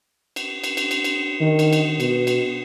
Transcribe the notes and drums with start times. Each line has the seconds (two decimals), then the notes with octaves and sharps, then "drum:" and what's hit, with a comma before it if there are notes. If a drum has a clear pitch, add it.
0.36 drum: cymbal
0.64 drum: cymbal
0.77 drum: cymbal
0.91 drum: cymbal
1.04 drum: cymbal
1.41 D#3
1.59 drum: cymbal
1.73 drum: cymbal
2.00 B2, drum: cymbal
2.27 drum: cymbal